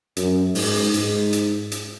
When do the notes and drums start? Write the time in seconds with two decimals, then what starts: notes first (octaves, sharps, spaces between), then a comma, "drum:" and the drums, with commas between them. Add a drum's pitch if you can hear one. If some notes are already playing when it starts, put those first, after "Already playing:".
0.17 F#2, drum: hi-hat
0.55 G#2, drum: open hi-hat
0.94 G#2, drum: hi-hat
1.33 drum: hi-hat
1.72 drum: hi-hat